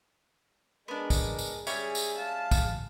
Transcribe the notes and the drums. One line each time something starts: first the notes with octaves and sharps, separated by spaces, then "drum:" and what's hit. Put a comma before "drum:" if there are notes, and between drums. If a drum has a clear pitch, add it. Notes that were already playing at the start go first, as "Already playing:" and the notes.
G#3 B3 D4 A#4
drum: kick, tambourine
drum: tambourine
G3 C#4 G#4 C#5 E5, drum: tambourine
drum: tambourine
F5 A5
drum: kick, tambourine